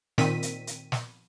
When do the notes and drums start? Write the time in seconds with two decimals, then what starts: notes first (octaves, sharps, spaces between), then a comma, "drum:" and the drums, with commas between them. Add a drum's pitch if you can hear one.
0.18 A#2 D#3 C4 B6 D#7, drum: snare
0.43 drum: hi-hat
0.67 drum: hi-hat
0.92 drum: snare